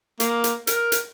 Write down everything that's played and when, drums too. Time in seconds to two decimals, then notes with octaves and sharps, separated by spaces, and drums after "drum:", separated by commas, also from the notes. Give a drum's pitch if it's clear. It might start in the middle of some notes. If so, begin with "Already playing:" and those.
0.20 A#3, drum: hi-hat
0.44 drum: hi-hat
0.67 A#4, drum: hi-hat
0.92 drum: hi-hat